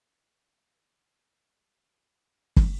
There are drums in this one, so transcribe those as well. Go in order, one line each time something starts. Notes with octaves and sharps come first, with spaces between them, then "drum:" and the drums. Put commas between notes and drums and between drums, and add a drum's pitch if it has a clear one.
F#2
G#2
G4
drum: kick F#1